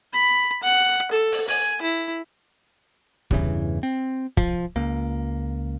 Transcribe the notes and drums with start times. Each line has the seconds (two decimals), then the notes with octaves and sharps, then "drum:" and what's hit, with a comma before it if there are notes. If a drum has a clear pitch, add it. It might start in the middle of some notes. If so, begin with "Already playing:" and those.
0.13 B5
0.63 F#5
1.12 A4
1.32 drum: open hi-hat
1.48 G#5, drum: open hi-hat
1.82 E4
3.31 E2 G2 C#3 E3, drum: kick
3.83 C4
4.37 F3, drum: kick
4.76 C#2 A#3